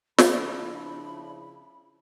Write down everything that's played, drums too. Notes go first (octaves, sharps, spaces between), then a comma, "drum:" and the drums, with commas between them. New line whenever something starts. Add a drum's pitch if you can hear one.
C#3 F3 D4 E4 B5, drum: snare